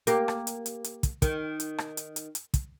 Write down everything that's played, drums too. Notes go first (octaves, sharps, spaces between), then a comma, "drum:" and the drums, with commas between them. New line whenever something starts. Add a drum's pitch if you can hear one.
A#3 G4, drum: hi-hat
drum: rim click
drum: hi-hat
drum: hi-hat
drum: hi-hat
drum: kick, hi-hat
D#3, drum: kick, hi-hat
drum: hi-hat
drum: rim click
drum: hi-hat
drum: hi-hat
drum: hi-hat
drum: kick, hi-hat